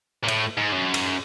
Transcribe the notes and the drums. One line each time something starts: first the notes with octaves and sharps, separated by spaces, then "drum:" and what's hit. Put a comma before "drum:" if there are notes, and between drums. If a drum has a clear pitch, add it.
A#2
A2, drum: cymbal
G#2
F#2
drum: cymbal